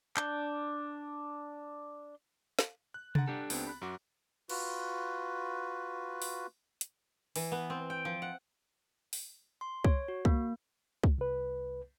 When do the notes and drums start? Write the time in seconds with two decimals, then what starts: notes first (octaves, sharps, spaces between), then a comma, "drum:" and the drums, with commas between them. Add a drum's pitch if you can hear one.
0.17 D4 G6, drum: clap
2.59 drum: snare
2.94 F#6
3.15 D3 F#5 A#5 A6, drum: tom C3
3.27 D4 G4 A4
3.50 C#2 B3 C4, drum: open hi-hat
3.67 B5 F#6
3.82 F#2 F#4 D6
4.49 F4 F#4 B4, drum: cymbal
6.22 drum: open hi-hat
6.81 drum: hi-hat
7.36 E3, drum: open hi-hat
7.52 B3
7.70 C4
7.90 G5
8.05 F3
8.22 F#5
9.13 drum: open hi-hat
9.61 C6
9.85 C#5, drum: kick
10.08 F#4
10.25 A#3, drum: kick
11.04 drum: kick
11.18 C2 B4